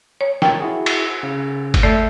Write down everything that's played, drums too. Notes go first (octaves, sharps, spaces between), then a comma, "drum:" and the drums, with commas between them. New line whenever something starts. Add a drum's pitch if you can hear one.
C#5
A#4 C#5 G5 A6, drum: snare
E4 F#4 G#4
drum: cymbal
C#3
drum: kick G1, cymbal
A3 A4 D5 E5 E6 G6